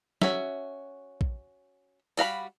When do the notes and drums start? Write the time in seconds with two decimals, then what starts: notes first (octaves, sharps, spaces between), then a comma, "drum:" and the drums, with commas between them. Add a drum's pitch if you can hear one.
0.22 C#4 F#4 E5, drum: snare
1.21 drum: kick A#1
2.17 G3 F#4 F5 B5, drum: open hi-hat